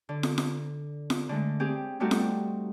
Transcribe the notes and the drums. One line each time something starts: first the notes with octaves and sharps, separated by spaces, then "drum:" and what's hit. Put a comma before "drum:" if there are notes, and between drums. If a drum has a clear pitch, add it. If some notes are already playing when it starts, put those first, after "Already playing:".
D3
drum: snare
drum: snare
drum: snare
D3 G#3 A3
C4 G4 G#4
G3 A3 C4 D#4 F#4 G4
drum: snare